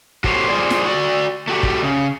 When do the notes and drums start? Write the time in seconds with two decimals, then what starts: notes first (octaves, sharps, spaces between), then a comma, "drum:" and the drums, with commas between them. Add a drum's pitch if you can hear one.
0.24 F#4 G4 A4 C5 C#5, drum: kick
0.48 G3 F4 G#4 C5 D5
0.70 drum: snare
0.85 F#4 D5
1.48 A3 F#4 G4
1.63 drum: kick
1.83 C#3